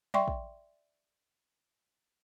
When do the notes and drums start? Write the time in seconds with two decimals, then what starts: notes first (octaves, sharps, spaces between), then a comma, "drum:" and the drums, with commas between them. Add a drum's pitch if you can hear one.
0.14 D5 E5 G5 C6 C#6, drum: tom F#3
0.28 drum: kick